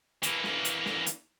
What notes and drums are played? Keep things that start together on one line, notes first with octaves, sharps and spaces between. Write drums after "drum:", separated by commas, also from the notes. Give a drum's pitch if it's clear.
E3 A#3, drum: hi-hat
drum: snare
drum: hi-hat
drum: snare
drum: hi-hat